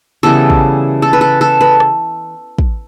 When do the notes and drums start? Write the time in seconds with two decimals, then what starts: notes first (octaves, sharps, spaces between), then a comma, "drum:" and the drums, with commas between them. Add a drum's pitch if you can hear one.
0.23 C#3 E3 G3 B3 A4
0.50 drum: kick
1.02 A4
1.13 B4
1.21 A4
1.41 A4
1.61 B4
1.80 drum: rim click
2.59 drum: kick